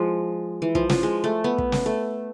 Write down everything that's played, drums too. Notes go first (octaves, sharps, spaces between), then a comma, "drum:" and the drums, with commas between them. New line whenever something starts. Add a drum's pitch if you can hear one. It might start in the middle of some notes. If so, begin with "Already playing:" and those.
Already playing: F3 G#3
E3
F3, drum: kick
F3, drum: snare
G#3
A3
B3
drum: kick
drum: snare
A3